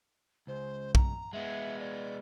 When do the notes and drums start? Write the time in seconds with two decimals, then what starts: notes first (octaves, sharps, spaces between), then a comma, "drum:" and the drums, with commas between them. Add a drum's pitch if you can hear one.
0.47 C#2 C5
0.95 A#5, drum: kick B1
1.33 G#3 B3 E5
1.79 D5